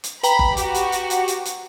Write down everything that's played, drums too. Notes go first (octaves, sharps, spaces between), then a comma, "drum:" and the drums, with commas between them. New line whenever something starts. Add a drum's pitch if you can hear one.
drum: hi-hat
B4 G5 A#5 B5, drum: hi-hat
drum: kick F#1
F#4 G4, drum: hi-hat
drum: hi-hat
drum: hi-hat
drum: hi-hat
drum: hi-hat
drum: hi-hat